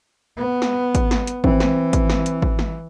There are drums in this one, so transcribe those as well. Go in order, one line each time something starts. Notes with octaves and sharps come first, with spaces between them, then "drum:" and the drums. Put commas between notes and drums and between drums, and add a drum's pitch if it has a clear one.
B3
drum: snare
drum: kick G#1, hi-hat
drum: snare
drum: hi-hat
E3 C4, drum: kick G#1
drum: snare
drum: kick G#1, hi-hat
drum: snare
drum: hi-hat
drum: kick G#1
drum: snare